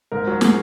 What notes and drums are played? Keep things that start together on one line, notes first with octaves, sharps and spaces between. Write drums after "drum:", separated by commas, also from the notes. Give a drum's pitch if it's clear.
G#2 A#4
F#3
F#3 G#4, drum: snare